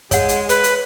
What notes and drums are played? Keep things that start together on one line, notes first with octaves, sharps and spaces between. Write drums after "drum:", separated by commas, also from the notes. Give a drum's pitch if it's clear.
G#3 C#5 F#5, drum: kick, hi-hat
drum: hi-hat
B4, drum: hi-hat
drum: hi-hat